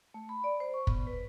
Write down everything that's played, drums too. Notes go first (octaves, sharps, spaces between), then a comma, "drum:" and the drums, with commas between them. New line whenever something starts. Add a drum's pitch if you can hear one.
A3
B5
D5
C5
C#6
B3, drum: kick
B4